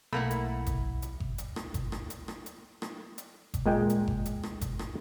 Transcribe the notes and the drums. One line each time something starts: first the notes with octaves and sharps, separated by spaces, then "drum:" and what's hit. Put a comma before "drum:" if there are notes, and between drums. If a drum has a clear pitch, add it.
B1 A3 A#3 E4 F#5 A#5 B5
drum: hi-hat
drum: kick G1, hi-hat
drum: hi-hat
drum: kick G1
drum: hi-hat
drum: rim click
drum: kick G1, hi-hat
drum: rim click
drum: hi-hat
drum: rim click
drum: hi-hat
drum: rim click
drum: hi-hat
drum: kick G1, hi-hat
A#2 G#3 G5
drum: hi-hat
drum: kick G1
drum: hi-hat
drum: rim click
drum: kick G1, hi-hat
drum: rim click